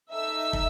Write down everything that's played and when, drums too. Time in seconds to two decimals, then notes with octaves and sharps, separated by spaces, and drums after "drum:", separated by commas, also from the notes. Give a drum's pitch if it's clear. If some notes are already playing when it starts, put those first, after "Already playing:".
0.12 D#4 A4 E5 E6
0.53 drum: kick